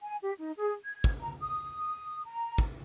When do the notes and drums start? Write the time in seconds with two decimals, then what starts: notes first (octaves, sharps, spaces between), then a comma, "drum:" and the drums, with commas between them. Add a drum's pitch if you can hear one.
0.01 G#5
0.21 G4
0.39 D#4
0.58 G#4
0.85 G#6
1.04 drum: kick
1.20 A#5
1.40 D#6
2.25 A#5
2.58 drum: kick